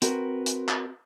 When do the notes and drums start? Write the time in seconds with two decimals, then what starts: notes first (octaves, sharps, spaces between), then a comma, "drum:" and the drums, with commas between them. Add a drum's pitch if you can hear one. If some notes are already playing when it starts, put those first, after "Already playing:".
0.02 C4 F#4 A#4 B4, drum: hi-hat
0.46 drum: hi-hat
0.69 drum: clap